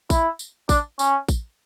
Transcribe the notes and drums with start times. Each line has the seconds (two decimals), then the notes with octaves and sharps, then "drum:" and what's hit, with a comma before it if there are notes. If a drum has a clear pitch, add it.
0.10 E4, drum: kick A1, tambourine
0.39 drum: tambourine
0.69 D4, drum: kick A1, tambourine
0.99 C#4, drum: tambourine
1.28 drum: kick A1, tambourine